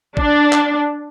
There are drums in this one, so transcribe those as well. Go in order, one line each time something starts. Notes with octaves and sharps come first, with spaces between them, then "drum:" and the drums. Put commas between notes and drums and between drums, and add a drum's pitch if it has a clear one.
D4, drum: kick
drum: clap